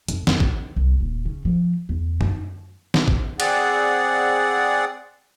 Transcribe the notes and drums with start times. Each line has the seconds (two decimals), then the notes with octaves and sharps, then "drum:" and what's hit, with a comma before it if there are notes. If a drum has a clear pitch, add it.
0.08 F2, drum: hi-hat
0.27 F#2, drum: snare
0.40 D4, drum: kick G#1
0.76 C2
1.00 D#1
1.25 C#3
1.45 F3
1.89 E2
2.21 D#4, drum: tom F#2
2.94 drum: snare
3.08 drum: kick G#1
3.40 C4 G#4 D5 F#5, drum: cymbal